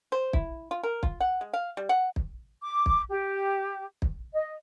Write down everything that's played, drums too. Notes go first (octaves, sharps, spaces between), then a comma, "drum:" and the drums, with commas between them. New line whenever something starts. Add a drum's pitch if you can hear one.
C5
E4, drum: kick
F4
A#4
F4, drum: kick
F#5
G#3
F5
G3
F#5
drum: kick
D6
drum: kick
G4
drum: kick
D#5